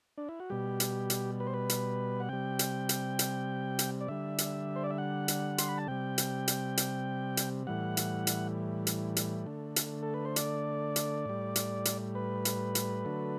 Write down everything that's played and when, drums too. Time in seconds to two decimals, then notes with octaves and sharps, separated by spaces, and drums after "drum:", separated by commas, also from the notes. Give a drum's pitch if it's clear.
0.18 D4
0.29 E4
0.40 F#4
0.50 B2 G3 G4
0.80 drum: hi-hat
1.10 drum: hi-hat
1.40 B4
1.47 C5
1.54 B4
1.70 drum: hi-hat
2.20 F#5
2.29 C3 G3 G5
2.59 drum: hi-hat
2.89 drum: hi-hat
3.19 drum: hi-hat
3.79 drum: hi-hat
4.01 D5
4.08 D3 G3 E5
4.38 drum: hi-hat
4.76 C5
4.84 D5
4.90 E5
4.98 F#5
5.28 drum: hi-hat
5.58 C6, drum: hi-hat
5.68 B5
5.78 A5
5.87 C3 G3 G5
6.18 drum: hi-hat
6.48 drum: hi-hat
6.77 drum: hi-hat
7.37 drum: hi-hat
7.67 A2 E3 G3 F#5
7.97 drum: hi-hat
8.27 drum: hi-hat
8.87 drum: hi-hat
9.17 drum: hi-hat
9.46 D3 A3
9.76 drum: hi-hat
10.03 A4
10.14 B4
10.25 C5
10.36 D5, drum: hi-hat
10.96 drum: hi-hat
11.26 A2 G3
11.56 drum: hi-hat
11.85 drum: hi-hat
12.15 B4
12.45 drum: hi-hat
12.75 drum: hi-hat
13.05 D3 F#3 A3